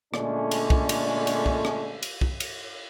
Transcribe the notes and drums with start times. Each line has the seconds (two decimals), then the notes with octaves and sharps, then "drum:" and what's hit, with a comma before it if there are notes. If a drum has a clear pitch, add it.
0.14 A#2 D3 G#3 A3 C#4 D4, drum: rim click
0.51 drum: cymbal
0.70 drum: kick
0.89 drum: cymbal
1.27 drum: cymbal
1.46 drum: kick
1.65 drum: rim click
2.03 drum: cymbal
2.21 drum: kick
2.40 drum: cymbal